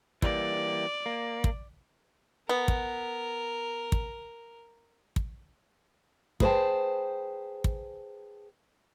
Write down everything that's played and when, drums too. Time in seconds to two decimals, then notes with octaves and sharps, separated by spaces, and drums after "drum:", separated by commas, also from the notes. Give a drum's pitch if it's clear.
0.22 E3 G3 A#3 D5, drum: kick
1.06 A#3
1.44 drum: kick
2.49 B3 A#4
2.68 drum: kick
3.92 drum: kick
5.16 drum: kick
6.40 G#4 B4 C5 D#5 G5 A5, drum: kick
7.64 drum: kick